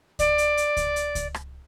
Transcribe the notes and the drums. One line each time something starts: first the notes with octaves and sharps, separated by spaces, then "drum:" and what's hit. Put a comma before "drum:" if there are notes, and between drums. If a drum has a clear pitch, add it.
D5, drum: kick C#2, hi-hat
drum: hi-hat
drum: hi-hat
drum: kick C#2, hi-hat
drum: hi-hat
drum: kick C#2, hi-hat
drum: rim click